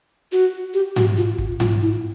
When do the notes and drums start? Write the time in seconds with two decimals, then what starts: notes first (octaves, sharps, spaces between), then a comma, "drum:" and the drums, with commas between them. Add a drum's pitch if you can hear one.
0.32 F#4
0.74 G4
0.96 F#4, drum: tom G#2
1.17 F4
1.38 drum: kick
1.60 F4, drum: tom G#2
1.81 E4